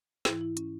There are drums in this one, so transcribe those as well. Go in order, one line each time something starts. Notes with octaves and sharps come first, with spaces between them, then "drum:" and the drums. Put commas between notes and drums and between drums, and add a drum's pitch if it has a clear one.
G#2 E3 E4, drum: snare
E4
C#4, drum: hi-hat